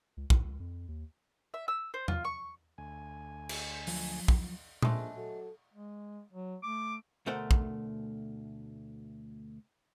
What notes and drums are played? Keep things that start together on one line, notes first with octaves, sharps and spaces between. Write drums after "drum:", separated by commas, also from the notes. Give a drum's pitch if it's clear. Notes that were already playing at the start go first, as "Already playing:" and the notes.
C#2
A2, drum: kick
C#2
F2
D#2
E5
E6
C5
F4, drum: tom E2
C#6
D2 G#5
drum: cymbal
F3 F#3, drum: open hi-hat
drum: kick
A#1 G#3 A3 D4, drum: tom A#2
F#3 A4
G#3
F#3
A3 D6
D2 B2 A3 A#4 C5 F#5
drum: kick